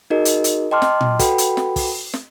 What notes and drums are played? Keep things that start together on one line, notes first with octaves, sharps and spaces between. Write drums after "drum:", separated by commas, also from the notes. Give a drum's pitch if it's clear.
D#4 F#4 G#4 A#4 D#5
drum: hi-hat
drum: hi-hat
D#5 G5 A5 C6 D6 F6
drum: snare
drum: tom A#2
F#4 A4 B4 F#5 G5 B5, drum: kick, hi-hat
drum: hi-hat
drum: snare
drum: kick, open hi-hat
drum: snare